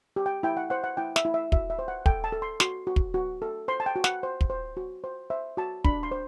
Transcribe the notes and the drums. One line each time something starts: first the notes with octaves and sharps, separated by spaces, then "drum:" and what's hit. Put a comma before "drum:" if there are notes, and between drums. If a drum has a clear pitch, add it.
G4
G5
E4 G5
F#5
C5 F#5
F#5
E4 G5
E5, drum: snare
E4
E5
F#4 E5, drum: kick
E5
C5
F#5
A4 G5, drum: kick
A5
A4
C6
F#4 C6, drum: snare
F#4
drum: kick
F#4
A4
C5 C6
A5
G5
F#4
F#5, drum: snare
C5
drum: kick
C5
F#4
C5
C5 E5
F#4 A5
D4 B5, drum: kick
C6
C5